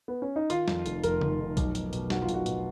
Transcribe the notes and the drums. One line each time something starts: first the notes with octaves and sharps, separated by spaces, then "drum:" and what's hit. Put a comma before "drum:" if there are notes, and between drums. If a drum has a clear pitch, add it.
B3
C#4
D#4
D#3 F4, drum: hi-hat
F2, drum: snare
F1, drum: hi-hat
F1 A#4, drum: hi-hat
D#3, drum: tom C#3
F2
B1, drum: kick, hi-hat
B2, drum: hi-hat
B2, drum: hi-hat
B1 F#4, drum: snare
F4
B1, drum: hi-hat
F#4
B2, drum: hi-hat